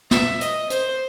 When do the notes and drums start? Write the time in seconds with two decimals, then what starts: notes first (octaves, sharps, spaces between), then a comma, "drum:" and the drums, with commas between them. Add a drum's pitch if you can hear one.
0.11 E5, drum: snare
0.41 D#5, drum: hi-hat
0.70 C5, drum: hi-hat